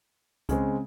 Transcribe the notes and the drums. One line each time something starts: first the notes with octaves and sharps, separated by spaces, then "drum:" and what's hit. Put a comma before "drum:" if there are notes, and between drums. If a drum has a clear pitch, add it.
C#3 G#3 C4, drum: kick C#2, hi-hat